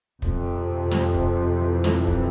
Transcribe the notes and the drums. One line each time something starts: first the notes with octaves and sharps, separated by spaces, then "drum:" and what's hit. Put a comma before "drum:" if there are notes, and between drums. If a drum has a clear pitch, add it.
F2 C3, drum: kick
drum: snare
drum: kick
E3
drum: snare
drum: kick